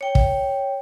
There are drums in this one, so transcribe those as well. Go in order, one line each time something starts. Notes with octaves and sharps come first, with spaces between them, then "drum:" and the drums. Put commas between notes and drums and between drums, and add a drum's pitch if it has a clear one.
C#5 G5
drum: kick